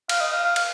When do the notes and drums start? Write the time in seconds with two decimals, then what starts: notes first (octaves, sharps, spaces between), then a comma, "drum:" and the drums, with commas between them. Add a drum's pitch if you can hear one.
0.09 F5, drum: cymbal
0.21 D#5
0.33 F5
0.44 F5
0.56 F5, drum: cymbal